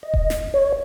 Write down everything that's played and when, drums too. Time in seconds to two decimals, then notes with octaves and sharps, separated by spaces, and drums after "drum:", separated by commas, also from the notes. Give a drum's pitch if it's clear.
0.03 D#5
0.14 drum: kick D#1
0.30 drum: snare
0.54 C#5